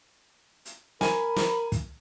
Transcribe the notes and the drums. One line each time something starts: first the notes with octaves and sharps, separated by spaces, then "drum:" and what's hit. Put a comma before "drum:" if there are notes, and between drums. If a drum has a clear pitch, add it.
drum: hi-hat
A#4 G#5 B5, drum: snare
drum: snare
drum: kick, hi-hat